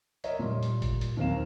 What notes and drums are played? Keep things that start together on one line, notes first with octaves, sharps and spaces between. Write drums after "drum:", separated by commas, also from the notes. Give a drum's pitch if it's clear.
A#4 C#5 D#5 E5, drum: hi-hat
A#2 G3
drum: hi-hat
drum: kick G#1, hi-hat
drum: hi-hat
D#2 F#3 C4 A#4 F5 E7